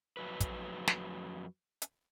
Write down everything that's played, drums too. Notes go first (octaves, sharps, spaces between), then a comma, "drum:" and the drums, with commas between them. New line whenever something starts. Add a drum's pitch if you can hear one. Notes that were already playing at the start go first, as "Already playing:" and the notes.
F2 F#3 B4
drum: kick, hi-hat
drum: snare
drum: hi-hat